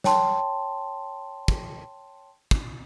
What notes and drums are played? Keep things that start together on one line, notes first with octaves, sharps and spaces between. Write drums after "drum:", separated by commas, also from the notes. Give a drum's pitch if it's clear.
C#5 G5 A5 C6, drum: snare
drum: kick
drum: kick